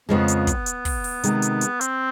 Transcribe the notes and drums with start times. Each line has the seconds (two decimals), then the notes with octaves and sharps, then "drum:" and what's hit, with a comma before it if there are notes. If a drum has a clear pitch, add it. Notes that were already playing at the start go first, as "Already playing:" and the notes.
0.09 F2 C#3 F3 G#3 B3
0.28 drum: hi-hat
0.47 drum: kick, hi-hat
0.66 drum: hi-hat
0.85 drum: kick, open hi-hat
1.04 drum: open hi-hat
1.23 C3 D#3 G#3, drum: hi-hat
1.42 drum: hi-hat
1.61 drum: hi-hat
1.81 C4, drum: hi-hat